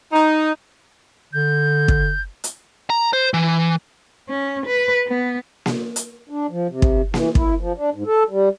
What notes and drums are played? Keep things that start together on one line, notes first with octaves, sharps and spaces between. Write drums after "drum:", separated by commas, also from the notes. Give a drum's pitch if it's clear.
D#4
D3 G6
drum: kick
drum: hi-hat
A#5
C5
E3
C#4
B4
B3
drum: snare A#3
drum: hi-hat
D4
F3
C3
drum: kick
E3, drum: snare A#3
E4, drum: kick
F3
D4
G#2
A4
G3